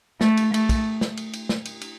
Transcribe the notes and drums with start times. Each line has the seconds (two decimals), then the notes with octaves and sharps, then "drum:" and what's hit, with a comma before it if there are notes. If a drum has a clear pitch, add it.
0.21 A3, drum: snare
0.37 drum: cymbal
0.54 A3, drum: cymbal
0.69 drum: kick, cymbal
1.01 drum: snare
1.17 drum: cymbal
1.33 drum: cymbal
1.49 drum: snare
1.65 drum: cymbal
1.81 drum: cymbal